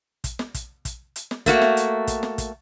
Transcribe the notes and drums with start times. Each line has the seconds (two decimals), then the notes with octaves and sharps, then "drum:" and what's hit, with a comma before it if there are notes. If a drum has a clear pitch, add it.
0.24 drum: kick, hi-hat
0.39 drum: snare
0.54 drum: kick, hi-hat
0.85 drum: kick, hi-hat
1.16 drum: hi-hat
1.31 drum: snare
1.46 A3 A#3 F#4, drum: kick, hi-hat
1.62 drum: snare
1.77 drum: hi-hat
2.07 drum: kick, hi-hat
2.23 drum: snare
2.38 drum: kick, hi-hat